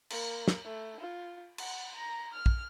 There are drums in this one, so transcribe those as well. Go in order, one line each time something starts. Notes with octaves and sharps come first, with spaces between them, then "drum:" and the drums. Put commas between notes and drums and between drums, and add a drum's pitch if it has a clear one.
A#3, drum: cymbal
drum: snare
A3
F4
F#5, drum: cymbal
A#5
F6
drum: kick